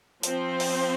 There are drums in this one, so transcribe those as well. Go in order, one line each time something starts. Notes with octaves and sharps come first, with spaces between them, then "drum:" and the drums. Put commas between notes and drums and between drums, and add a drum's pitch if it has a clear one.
F3 C4 C5, drum: hi-hat
drum: open hi-hat